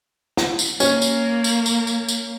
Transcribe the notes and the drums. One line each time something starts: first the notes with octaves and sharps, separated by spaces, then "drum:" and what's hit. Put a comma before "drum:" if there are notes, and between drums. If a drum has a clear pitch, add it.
drum: snare
drum: tambourine
A#3 C#4, drum: tambourine
drum: tambourine
drum: tambourine
drum: tambourine
drum: tambourine
drum: tambourine